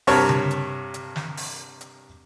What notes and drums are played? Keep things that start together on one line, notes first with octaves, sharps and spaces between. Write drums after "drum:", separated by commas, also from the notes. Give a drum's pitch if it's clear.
G2 C3 A#4 C#5 A5 C#6, drum: open hi-hat
drum: tom C#3
drum: hi-hat
drum: hi-hat
drum: snare
drum: open hi-hat
drum: hi-hat